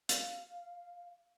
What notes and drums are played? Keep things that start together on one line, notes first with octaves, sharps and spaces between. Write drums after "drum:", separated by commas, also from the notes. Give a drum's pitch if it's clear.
F5, drum: hi-hat